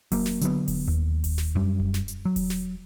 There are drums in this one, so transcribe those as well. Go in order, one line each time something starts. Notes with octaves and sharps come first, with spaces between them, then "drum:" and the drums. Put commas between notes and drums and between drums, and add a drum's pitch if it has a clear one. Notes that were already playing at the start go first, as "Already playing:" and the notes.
F#3 A#3, drum: kick E1, open hi-hat
drum: snare
D3 F#3 B3, drum: hi-hat
drum: kick E1, open hi-hat
D#2
drum: kick E1, open hi-hat
drum: snare
F#2 G3
drum: kick E1
drum: snare
drum: hi-hat
F#3
drum: kick E1, open hi-hat
drum: snare